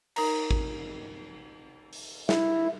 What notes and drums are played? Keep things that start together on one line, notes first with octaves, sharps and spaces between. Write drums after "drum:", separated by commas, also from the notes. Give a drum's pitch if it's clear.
D#4 A#4 A#5, drum: cymbal
drum: kick
drum: open hi-hat
E4, drum: snare